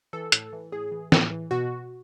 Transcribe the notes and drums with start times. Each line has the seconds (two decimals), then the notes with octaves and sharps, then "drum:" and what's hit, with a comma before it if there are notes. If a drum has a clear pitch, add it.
0.13 E3 A4
0.32 A2, drum: hi-hat
0.53 E3
0.72 A2 G#4
0.92 E3
1.12 A2, drum: snare
1.31 E3
1.51 B2 F#4